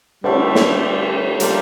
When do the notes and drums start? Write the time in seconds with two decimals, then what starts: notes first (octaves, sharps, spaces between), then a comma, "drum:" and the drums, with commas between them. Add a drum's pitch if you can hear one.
0.24 D3 G3 A3 E4, drum: cymbal
0.55 drum: snare
1.40 F3 G3 A#3 F4 A4, drum: hi-hat